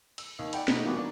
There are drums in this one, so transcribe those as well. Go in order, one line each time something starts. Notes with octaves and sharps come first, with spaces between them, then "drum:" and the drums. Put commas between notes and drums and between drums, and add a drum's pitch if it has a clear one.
E6, drum: cymbal
D#2
D5 F#5 G5 B5, drum: cymbal
B2 A3 D#4, drum: snare
E3 G3 A#3 B3 F4 F#4
D4